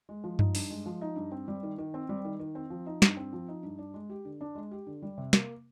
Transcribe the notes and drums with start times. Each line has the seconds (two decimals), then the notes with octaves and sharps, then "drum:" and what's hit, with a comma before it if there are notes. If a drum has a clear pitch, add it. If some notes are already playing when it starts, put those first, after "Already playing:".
0.09 G#3
0.24 F3
0.39 D#4, drum: tom G2
0.55 G2, drum: open hi-hat
0.70 G#3
0.86 F3
1.01 D#4
1.16 G2
1.32 C4
1.48 G3
1.63 D#3
1.78 D#3
1.94 C4
2.09 G3
2.25 D#3
2.39 D#3
2.55 C4
2.70 F3
2.86 D#4
3.02 G2, drum: snare
3.17 C4
3.33 F3
3.48 D#4
3.63 G2
3.78 D4
3.94 G#3
4.10 G4
4.25 D3
4.41 D4
4.55 G#3
4.71 G4
4.86 D3
5.02 G3
5.18 C3
5.33 A#3, drum: snare